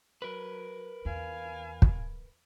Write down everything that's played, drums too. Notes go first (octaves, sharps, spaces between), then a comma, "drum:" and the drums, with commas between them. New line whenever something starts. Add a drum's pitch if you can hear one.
F#3 A#4 B4
E2 F5 G#5
drum: kick